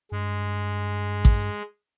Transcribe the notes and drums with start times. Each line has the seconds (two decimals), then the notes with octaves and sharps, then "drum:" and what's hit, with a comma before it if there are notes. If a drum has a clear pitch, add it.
0.12 G2 G#3
1.25 drum: kick A1